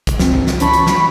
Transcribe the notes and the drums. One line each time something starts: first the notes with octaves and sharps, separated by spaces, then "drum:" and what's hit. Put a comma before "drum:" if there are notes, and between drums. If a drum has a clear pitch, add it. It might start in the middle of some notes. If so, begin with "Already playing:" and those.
drum: kick, hi-hat
C#2 C4, drum: snare
drum: tom G2
drum: snare
E3 C#4 A5 B5 C#6, drum: hi-hat
drum: hi-hat
drum: snare